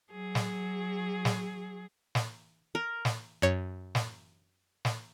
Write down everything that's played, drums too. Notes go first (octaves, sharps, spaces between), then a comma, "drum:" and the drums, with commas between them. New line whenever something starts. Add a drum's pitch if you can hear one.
F#3 G#4
drum: snare
drum: snare
drum: snare
A#4
drum: snare
F#2 C#5
drum: snare
drum: snare